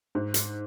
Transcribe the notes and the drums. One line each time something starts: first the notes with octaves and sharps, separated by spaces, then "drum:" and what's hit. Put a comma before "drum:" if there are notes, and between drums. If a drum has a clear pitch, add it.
G#2
drum: hi-hat